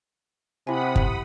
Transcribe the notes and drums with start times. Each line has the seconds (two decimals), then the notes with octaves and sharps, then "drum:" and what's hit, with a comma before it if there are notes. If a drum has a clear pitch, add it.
0.67 C3 E4 F#5 G#5 B5 D#6
0.96 drum: kick